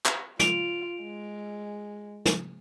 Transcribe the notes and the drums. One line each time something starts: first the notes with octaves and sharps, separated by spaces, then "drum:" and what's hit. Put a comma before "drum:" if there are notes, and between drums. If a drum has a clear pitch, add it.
drum: clap
F4 D7 F7, drum: snare
G#3
drum: snare